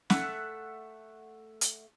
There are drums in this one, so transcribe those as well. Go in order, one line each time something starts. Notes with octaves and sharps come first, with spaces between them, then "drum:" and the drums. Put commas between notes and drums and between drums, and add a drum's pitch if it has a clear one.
A3 E5 F#5 A5, drum: snare
drum: hi-hat